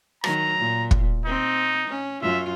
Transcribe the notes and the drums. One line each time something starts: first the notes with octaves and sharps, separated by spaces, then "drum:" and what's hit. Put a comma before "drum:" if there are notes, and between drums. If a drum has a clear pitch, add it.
D#3 F#3 A#5, drum: rim click
A#2
drum: kick
C4 D#4
C#4
F#2 F4 E5